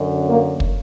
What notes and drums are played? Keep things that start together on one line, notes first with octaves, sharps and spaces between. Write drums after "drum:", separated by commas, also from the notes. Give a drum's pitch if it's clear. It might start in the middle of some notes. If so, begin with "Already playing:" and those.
Already playing: F#2 D3
A#3
drum: kick